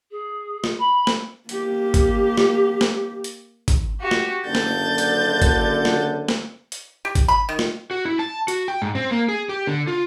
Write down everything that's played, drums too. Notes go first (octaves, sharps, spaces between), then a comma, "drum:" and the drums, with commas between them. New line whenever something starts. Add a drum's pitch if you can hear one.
G#4
drum: snare
B5
drum: snare
A#3 G4, drum: hi-hat
drum: kick G#1, hi-hat
drum: snare
drum: snare
drum: hi-hat
drum: kick G#1, hi-hat
F#4 G4
drum: snare
F#1 D3 G6 A6
drum: snare
drum: hi-hat
drum: kick G#1, hi-hat
drum: snare
drum: snare
drum: hi-hat
G4
drum: kick G#1, hi-hat
B5
D#3
drum: snare
F#4
E4
A5
F#4, drum: hi-hat
G5
G#2
C4
A#3
G#4
G4
D3
F4